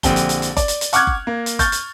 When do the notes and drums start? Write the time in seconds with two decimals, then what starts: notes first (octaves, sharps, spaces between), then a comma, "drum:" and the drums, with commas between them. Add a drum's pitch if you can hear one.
0.03 A#1 D3 C4 G4 G7, drum: kick F#1, hi-hat
0.16 drum: hi-hat
0.29 drum: hi-hat
0.42 drum: hi-hat
0.57 D5, drum: kick F#1, hi-hat
0.68 drum: hi-hat
0.81 drum: hi-hat
0.93 F#5 C#6 D6 F6 F#6 G#6, drum: hi-hat
1.07 drum: kick F#1
1.27 A#3
1.46 drum: hi-hat
1.59 C#6 F6 G6 A6, drum: kick F#1, hi-hat
1.72 drum: hi-hat